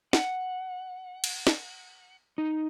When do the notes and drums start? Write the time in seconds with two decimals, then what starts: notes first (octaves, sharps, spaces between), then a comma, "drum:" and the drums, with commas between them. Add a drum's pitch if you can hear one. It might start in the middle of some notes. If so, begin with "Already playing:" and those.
0.13 F#5, drum: snare
1.24 drum: cymbal
1.47 drum: snare
2.38 D#4